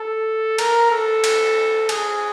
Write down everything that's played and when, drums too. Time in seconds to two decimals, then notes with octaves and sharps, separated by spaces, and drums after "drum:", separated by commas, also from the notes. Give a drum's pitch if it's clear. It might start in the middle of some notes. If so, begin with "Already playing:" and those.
Already playing: A4
0.58 A#4, drum: cymbal
0.91 A4
1.24 drum: cymbal
1.89 G#4, drum: cymbal